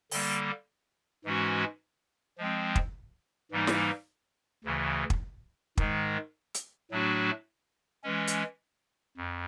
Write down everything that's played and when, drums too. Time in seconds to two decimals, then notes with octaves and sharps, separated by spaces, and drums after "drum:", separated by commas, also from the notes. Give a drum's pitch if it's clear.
0.11 D3 G3 A#3, drum: open hi-hat
1.24 G#2 E3 G#3 C#4 F#4
2.38 F3 G#3 C4
2.75 drum: kick
3.51 G#2 E3 G3 A#3 D#4
3.67 drum: snare
4.64 D2 C#3 E3
5.10 drum: kick
5.77 G#2 D#3 G#3, drum: kick
6.54 drum: hi-hat
6.91 A2 F#3 A3 D4 F#4
8.04 E3 G#3 C#4
8.27 drum: hi-hat
9.17 F2